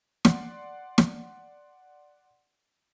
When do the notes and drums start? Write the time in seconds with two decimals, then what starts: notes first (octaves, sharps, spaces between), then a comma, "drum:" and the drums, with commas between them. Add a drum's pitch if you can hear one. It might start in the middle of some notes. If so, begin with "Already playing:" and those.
0.25 D5 F#5 C6, drum: snare
0.98 drum: snare